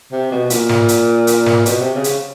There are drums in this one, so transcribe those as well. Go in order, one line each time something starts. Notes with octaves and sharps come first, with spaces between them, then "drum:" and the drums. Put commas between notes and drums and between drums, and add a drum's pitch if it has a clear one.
C3
B2
A#2, drum: hi-hat
drum: snare
drum: hi-hat
drum: hi-hat
drum: snare
B2, drum: hi-hat
C3
C#3
drum: hi-hat